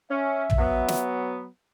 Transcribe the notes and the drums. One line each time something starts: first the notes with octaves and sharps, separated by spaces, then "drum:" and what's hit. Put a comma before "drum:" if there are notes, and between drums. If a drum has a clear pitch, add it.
C#4 E5
drum: tom
F#3 B3
drum: snare